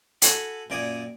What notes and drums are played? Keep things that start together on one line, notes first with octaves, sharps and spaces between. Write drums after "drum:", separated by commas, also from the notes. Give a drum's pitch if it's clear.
F#4 A4 G#5 B5, drum: hi-hat
F#2 A#2 D5 G5 G#5 D#6